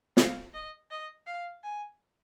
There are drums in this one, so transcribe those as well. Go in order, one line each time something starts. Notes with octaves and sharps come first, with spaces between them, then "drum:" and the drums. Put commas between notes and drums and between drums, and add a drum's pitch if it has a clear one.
F5, drum: snare
D#5
D#5
F5
G#5